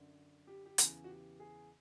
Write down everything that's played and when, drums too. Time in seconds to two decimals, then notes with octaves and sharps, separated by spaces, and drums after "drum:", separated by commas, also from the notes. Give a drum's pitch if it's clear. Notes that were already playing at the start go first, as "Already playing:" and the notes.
Already playing: F#2 D3
0.47 G4
0.66 G4
0.78 E2 C#3 E3 G#4, drum: hi-hat
1.04 F#4
1.09 G4
1.40 G#4